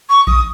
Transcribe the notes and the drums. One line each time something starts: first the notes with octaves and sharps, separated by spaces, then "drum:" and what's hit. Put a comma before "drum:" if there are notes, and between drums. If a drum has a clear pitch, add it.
C#6
D#6, drum: kick A#1